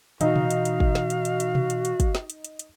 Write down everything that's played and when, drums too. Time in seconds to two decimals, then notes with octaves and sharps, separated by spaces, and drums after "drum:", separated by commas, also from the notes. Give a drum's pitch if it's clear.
0.21 B2 E3 D#4 F#4 F5, drum: hi-hat
0.36 drum: tom C3
0.50 drum: hi-hat
0.65 drum: hi-hat
0.80 drum: kick
0.95 drum: snare
1.10 drum: hi-hat
1.25 drum: hi-hat
1.40 drum: hi-hat
1.55 drum: tom B2
1.70 drum: hi-hat
1.85 drum: hi-hat
2.00 drum: kick, hi-hat
2.15 drum: snare
2.30 drum: hi-hat
2.44 drum: hi-hat
2.59 drum: hi-hat